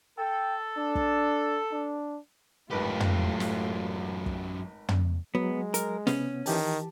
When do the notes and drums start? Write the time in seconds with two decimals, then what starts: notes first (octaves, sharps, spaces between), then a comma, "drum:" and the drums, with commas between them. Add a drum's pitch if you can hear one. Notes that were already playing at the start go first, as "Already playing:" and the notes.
0.18 A4 G5
0.77 D4
0.95 drum: kick
1.72 D4
2.71 G#1 F#2 A2 F4 G4 B4
3.00 drum: tom
3.40 drum: snare
4.26 drum: kick
4.89 drum: tom
5.35 F#3 G#3 B3
5.74 A#4, drum: hi-hat
6.07 C3 B3 C#4, drum: snare
6.46 D#3 E3 G4 A5, drum: open hi-hat